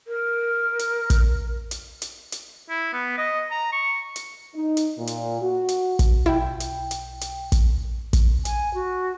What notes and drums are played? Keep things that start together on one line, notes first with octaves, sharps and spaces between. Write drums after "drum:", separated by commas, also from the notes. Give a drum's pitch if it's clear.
A#4
drum: hi-hat
drum: kick, hi-hat
drum: hi-hat
drum: hi-hat
drum: hi-hat
E4
B3
D#5
A#5
C#6
drum: hi-hat
D#4
drum: hi-hat
A#2
drum: hi-hat
F#4
drum: hi-hat
drum: kick, hi-hat
B1 E4 G5
drum: hi-hat
drum: hi-hat
drum: hi-hat
drum: kick, hi-hat
drum: kick, hi-hat
G#5, drum: hi-hat
F#4